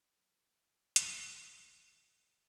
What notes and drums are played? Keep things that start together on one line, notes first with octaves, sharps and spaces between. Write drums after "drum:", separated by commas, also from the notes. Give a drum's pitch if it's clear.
F#3
G#1, drum: hi-hat
D1